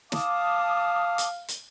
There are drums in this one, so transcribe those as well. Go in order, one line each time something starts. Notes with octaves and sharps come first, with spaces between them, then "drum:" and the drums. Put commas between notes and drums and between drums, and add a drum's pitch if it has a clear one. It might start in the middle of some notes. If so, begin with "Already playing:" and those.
F5 A5 D6 D#6, drum: snare
drum: hi-hat
drum: hi-hat